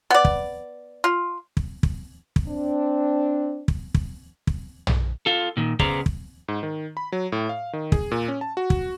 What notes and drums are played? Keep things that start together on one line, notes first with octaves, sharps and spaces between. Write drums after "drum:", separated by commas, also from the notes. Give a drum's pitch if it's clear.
B3 D5
drum: kick
F4
drum: kick
drum: kick
drum: kick
C4 D4
drum: kick
drum: kick
drum: kick
drum: tom
F4 A4
A#2 D#3
C#3 B3 G#4 C5 D5 A#5, drum: kick
drum: kick
G#2
D#3
B5
F#3
A2
F5
D#3
G#4, drum: kick
A#2
C#4
A5
F#4
drum: kick